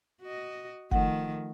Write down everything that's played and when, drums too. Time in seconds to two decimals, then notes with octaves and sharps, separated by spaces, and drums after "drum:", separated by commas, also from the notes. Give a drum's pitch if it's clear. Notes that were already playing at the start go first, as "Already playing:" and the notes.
0.22 F#4 D#5
0.91 D#3 F3 A3 F#5, drum: kick